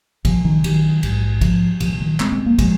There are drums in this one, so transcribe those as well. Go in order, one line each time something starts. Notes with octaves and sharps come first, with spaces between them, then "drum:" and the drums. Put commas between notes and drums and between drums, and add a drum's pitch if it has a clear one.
A#1 A#2 F3, drum: kick, cymbal
D#3 F#3
D#3 F#3, drum: cymbal
A#1 G#2, drum: cymbal
F3, drum: kick, cymbal
C2 A#2 F3, drum: cymbal
F3
D#3 F#3
G#3 C4, drum: clap
G#3 C4
F#3 A#3
A#2 F3 G#3, drum: kick, cymbal